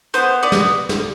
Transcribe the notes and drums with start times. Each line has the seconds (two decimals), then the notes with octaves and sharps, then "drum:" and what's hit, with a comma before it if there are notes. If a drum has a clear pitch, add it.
0.14 B3 C5, drum: hi-hat
0.43 B3 D5
0.52 drum: snare
0.89 drum: snare